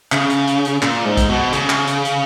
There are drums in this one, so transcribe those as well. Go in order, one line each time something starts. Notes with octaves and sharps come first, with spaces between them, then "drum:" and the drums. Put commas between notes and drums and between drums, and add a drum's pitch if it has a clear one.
C#3, drum: clap
drum: hi-hat
drum: hi-hat
drum: hi-hat
A#2, drum: clap
G#2
drum: kick, hi-hat
B2
C#3, drum: hi-hat
drum: clap
drum: hi-hat
drum: hi-hat